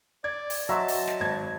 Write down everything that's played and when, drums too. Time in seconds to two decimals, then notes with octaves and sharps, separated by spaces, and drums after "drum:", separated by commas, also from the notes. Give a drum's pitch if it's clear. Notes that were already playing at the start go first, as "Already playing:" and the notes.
0.24 D5 G#6
0.50 drum: open hi-hat
0.69 F#3 D#5 E5 A5 C6 E6
0.88 drum: open hi-hat
1.07 drum: snare
1.20 G#1 G#6